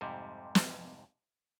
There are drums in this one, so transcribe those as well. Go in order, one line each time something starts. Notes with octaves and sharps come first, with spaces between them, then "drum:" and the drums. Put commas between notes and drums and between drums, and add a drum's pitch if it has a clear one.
F2 G#2 C3 G3
drum: snare